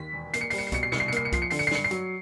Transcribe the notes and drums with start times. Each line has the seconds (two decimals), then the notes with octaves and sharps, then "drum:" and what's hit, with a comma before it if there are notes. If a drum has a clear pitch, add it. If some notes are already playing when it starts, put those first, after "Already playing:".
Already playing: D#2 B6
0.13 E1
0.34 A#3 C7, drum: hi-hat
0.41 C#7
0.50 G3 C7, drum: open hi-hat
0.58 C#7
0.67 C7
0.72 B2 C#7, drum: kick C2, hi-hat
0.83 C7
0.92 C2 C#7, drum: snare
1.00 C7
1.08 C#7
1.12 A#3 C7, drum: hi-hat
1.25 C#7
1.32 F3 C7, drum: kick C2, hi-hat
1.42 C#7
1.50 D3 C7, drum: open hi-hat
1.59 C#7
1.67 C7
1.71 G2 C#7, drum: snare
1.84 C7
1.91 F#3, drum: hi-hat